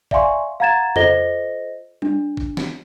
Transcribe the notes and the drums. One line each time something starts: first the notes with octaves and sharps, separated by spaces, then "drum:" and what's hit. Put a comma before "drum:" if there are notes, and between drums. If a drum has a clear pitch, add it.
D5 E5 F5 G#5 C6 C#6, drum: kick G#1
F5 F#5 A#5 G#6 A6 E7
F4 A4 C5 D#5 A#6 G7, drum: tom F2
D4, drum: tom G3
drum: kick G#1
drum: snare